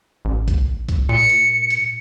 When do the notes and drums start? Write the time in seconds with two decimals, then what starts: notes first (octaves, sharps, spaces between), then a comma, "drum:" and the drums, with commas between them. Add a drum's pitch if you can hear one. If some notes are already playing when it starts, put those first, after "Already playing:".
0.25 A1
0.48 drum: kick, hi-hat
0.89 drum: kick, hi-hat
1.09 A#2 C#7
1.29 drum: hi-hat
1.70 drum: hi-hat